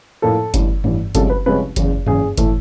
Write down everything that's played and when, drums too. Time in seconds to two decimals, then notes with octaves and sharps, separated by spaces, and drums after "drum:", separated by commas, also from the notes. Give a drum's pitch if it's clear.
0.22 A2 F3 A#3 A4
0.54 A1 G2 E3, drum: kick G1, hi-hat
0.84 A1 G2 E3, drum: tom G2
1.15 C2 C3 F3 G#3 C#4 A4, drum: kick G1, hi-hat
1.30 B4
1.46 C2 C3 F3 G#3 C#4 B4
1.76 F#1 E2 C#3, drum: kick G1, hi-hat
2.06 F#1 E2 C#3 G#4, drum: tom G2
2.37 A2 E3 A3, drum: kick G1, hi-hat